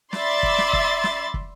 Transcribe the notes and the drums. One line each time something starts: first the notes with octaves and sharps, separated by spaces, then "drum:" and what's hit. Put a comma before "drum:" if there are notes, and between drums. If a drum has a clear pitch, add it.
D5 E5 B5 C6 A6, drum: snare
drum: kick
drum: snare
drum: kick
drum: snare
drum: kick